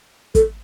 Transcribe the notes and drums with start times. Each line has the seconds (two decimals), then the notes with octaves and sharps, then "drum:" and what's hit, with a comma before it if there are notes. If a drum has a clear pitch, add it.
0.35 A4, drum: kick, hi-hat